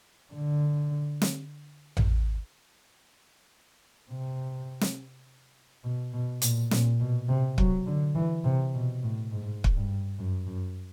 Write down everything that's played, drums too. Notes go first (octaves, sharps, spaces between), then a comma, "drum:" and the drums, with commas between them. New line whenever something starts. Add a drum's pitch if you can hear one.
D3
drum: snare
drum: tom A1
C3
drum: snare
B2
B2
A#2, drum: hi-hat
A#2, drum: snare
B2
C3
F#3, drum: kick
D3
E3
C3
B2
A2
G#2
drum: kick
G2
F#2
F#2